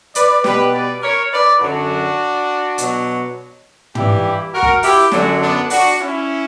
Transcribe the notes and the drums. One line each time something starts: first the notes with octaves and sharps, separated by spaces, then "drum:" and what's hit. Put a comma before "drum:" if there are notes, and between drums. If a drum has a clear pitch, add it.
B4 D5, drum: hi-hat
B2 G3 G4 B4, drum: snare
B4 D5
A#4 C#5
B4 D5
F#2 D3 F#3 D4 F#4
B2 F#3, drum: hi-hat
G2 E3 G3 E4 G4, drum: tom
F#4 A#4
drum: kick
E4 G4, drum: open hi-hat
F#2 D3 F#3 D4 F#4, drum: snare
B3 D4
D4 F#4, drum: open hi-hat
C#4 E4